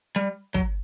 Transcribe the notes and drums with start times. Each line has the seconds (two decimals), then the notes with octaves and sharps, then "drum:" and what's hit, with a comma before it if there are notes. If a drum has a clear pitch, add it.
0.16 G3
0.54 F#3, drum: kick, hi-hat